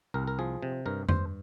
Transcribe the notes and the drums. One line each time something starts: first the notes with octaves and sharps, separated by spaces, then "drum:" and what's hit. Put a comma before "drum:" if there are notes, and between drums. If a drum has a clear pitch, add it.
C2 A#4
A#4
F3 G#4
C3
G2 A#4
G2 C5, drum: tom F2